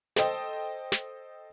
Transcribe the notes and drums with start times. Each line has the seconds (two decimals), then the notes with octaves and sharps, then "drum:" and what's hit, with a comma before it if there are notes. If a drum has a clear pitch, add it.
0.16 A4 C5 D#5 G5, drum: snare
0.92 drum: snare